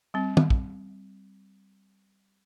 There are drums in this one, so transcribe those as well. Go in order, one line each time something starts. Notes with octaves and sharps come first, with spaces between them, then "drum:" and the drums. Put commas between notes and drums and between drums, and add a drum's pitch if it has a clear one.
G3 C4
drum: tom
drum: kick